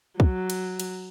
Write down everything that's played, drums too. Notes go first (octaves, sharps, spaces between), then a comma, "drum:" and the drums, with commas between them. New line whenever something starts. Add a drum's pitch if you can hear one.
F#3, drum: kick
drum: cymbal
drum: cymbal